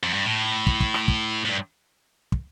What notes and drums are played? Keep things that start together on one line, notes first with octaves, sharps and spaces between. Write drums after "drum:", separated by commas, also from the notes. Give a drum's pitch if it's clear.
F2
G2
A2
drum: kick
drum: kick
drum: rim click
drum: kick
A2
G2
drum: kick